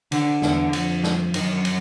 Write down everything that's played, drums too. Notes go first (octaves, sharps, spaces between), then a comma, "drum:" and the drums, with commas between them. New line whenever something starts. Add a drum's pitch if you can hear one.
D3, drum: cymbal
E2 D3, drum: snare
F2, drum: cymbal
drum: snare
F#2 D#3, drum: cymbal
drum: cymbal